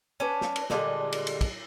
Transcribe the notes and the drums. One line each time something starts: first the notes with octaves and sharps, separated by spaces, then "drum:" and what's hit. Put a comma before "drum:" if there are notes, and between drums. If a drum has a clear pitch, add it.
C#4 D4 B4
drum: snare
drum: cymbal
A#2 D3 G3 G#3, drum: snare
drum: cymbal
drum: cymbal
drum: kick, cymbal